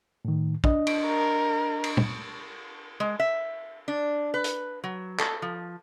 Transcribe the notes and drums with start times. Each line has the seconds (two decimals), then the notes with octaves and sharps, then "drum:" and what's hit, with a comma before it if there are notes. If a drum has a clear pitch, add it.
0.25 A2 D#3
0.64 D4 D#5, drum: kick
0.87 drum: cymbal
1.06 A#4
1.84 drum: cymbal
1.97 drum: tom
3.00 G#3
3.20 E5
3.88 D4
4.34 B4
4.44 drum: hi-hat
4.84 F#3
5.19 A4, drum: clap
5.42 F3